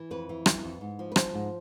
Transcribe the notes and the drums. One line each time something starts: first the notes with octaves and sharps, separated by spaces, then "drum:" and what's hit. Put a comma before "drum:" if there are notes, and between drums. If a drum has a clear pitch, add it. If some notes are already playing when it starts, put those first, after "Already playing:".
Already playing: E3
F2 B4
E3
F2, drum: rim click
F2
G#2
F3
B4
F3 C5, drum: rim click
G#2